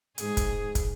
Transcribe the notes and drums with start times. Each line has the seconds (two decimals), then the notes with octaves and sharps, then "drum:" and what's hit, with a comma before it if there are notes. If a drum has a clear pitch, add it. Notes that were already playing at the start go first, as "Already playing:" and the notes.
0.18 G#2 G#4, drum: hi-hat
0.37 drum: kick, hi-hat
0.75 drum: kick, hi-hat